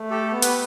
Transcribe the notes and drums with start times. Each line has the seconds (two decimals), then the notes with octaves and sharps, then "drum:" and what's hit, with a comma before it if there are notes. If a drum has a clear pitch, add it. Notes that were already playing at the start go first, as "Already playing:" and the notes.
Already playing: A3
0.10 G4 A4
0.31 B3
0.42 B4, drum: hi-hat